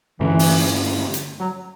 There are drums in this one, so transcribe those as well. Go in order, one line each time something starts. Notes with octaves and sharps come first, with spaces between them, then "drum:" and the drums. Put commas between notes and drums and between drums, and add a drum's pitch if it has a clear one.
G2 D3 E3 A3 C#4
drum: open hi-hat
drum: hi-hat
F#3